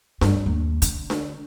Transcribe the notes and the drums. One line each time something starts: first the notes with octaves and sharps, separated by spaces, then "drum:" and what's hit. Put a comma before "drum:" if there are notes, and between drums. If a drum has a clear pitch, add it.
G2, drum: snare D4
D#2
D3, drum: hi-hat
drum: snare D4